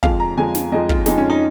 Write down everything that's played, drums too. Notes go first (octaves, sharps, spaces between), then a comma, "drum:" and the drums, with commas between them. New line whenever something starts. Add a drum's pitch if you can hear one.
F2 F3 G#3 F5, drum: kick
A#5
F2 F3 G#3 G#5
drum: snare
F2 F3 G#3 D#5
F4, drum: kick
F2 F3 G#3 D#4, drum: snare
C#4
D#4